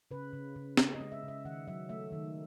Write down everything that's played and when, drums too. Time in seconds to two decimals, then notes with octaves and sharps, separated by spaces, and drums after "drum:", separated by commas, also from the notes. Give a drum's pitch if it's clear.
0.11 C#3 B4
0.33 C#3
0.56 C#3
0.77 C#3, drum: snare
0.94 D#5
1.00 G#3
1.12 E5
1.23 C#3
1.28 E5
1.45 D#3 F#5
1.67 F#3 E5
1.89 A3 E5
2.12 D#3